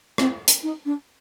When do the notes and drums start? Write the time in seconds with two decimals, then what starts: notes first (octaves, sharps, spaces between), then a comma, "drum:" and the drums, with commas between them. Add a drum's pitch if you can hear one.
0.18 C4, drum: rim click
0.48 drum: hi-hat
0.63 D#4
0.85 D4